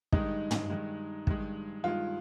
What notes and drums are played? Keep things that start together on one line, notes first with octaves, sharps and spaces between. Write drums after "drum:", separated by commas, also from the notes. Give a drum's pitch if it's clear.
G2 D#3 G#3 D#4, drum: kick
drum: tom
G2 D#3 G#3
G2 D#3 G#3, drum: kick
G2 D#3 G#3 F4